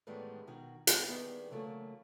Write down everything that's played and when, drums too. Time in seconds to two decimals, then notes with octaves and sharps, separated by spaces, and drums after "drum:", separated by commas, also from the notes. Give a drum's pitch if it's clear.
0.07 A2 D#3 E3 G3 G#3 B3
0.47 B2 D#3 F#4
0.87 B3, drum: hi-hat
1.08 D#3 G3 B3 E4 G#4
1.50 C#3 E3 F#3 A3 A#3